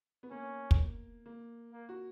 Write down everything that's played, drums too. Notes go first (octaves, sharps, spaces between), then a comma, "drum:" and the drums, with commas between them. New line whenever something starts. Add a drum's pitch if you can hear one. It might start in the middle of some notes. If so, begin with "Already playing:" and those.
B3
A#3 C#4
drum: kick
A#3
A#3
F#4